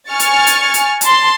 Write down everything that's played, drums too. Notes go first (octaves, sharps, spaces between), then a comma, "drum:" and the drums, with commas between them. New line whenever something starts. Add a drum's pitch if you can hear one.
G#5 C#6 F6 A6 C#7
drum: hi-hat
drum: hi-hat
drum: hi-hat
A5 C6, drum: hi-hat